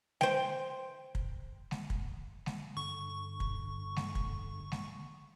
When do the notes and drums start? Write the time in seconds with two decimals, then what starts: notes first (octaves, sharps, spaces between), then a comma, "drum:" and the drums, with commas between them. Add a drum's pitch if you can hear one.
0.21 C5 G5, drum: snare G#3
1.15 drum: kick
1.71 drum: snare G#3
1.90 drum: kick
2.46 drum: snare G#3
2.77 G2 D3 C#6
3.40 drum: kick
3.96 drum: snare G#3
4.15 drum: kick
4.72 drum: snare G#3